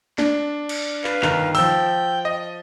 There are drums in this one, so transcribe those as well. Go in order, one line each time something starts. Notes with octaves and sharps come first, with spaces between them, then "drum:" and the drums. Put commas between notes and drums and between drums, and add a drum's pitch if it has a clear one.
D4, drum: snare
drum: cymbal
B4 F5, drum: clap
G1 D#3 F7, drum: clap
F3 G5 E6 G7, drum: open hi-hat
D#5